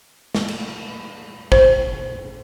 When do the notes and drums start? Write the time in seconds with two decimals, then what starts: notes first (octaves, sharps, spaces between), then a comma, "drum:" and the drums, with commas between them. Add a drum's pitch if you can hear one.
0.35 drum: snare
0.48 drum: cymbal
1.52 C5, drum: kick